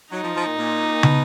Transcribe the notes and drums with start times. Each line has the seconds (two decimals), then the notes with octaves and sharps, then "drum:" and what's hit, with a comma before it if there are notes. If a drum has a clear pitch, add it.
0.12 F#3 D#4
0.23 F3
0.35 F3
0.46 A#2
0.58 A#2
1.03 B2, drum: tom